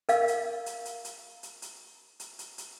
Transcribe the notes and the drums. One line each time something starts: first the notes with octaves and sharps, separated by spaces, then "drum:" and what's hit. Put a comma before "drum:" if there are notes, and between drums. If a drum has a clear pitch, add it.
A#4 F5, drum: hi-hat
drum: hi-hat
drum: hi-hat
drum: hi-hat
drum: hi-hat
drum: hi-hat
drum: hi-hat
drum: hi-hat
drum: hi-hat
drum: hi-hat